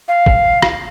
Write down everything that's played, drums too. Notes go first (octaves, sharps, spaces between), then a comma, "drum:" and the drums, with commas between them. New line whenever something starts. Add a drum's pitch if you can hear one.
F5
drum: kick
drum: rim click